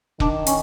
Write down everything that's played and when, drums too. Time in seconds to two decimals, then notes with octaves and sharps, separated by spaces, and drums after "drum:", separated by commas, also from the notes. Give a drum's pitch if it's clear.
0.20 D#3 D4, drum: kick
0.47 C#4, drum: hi-hat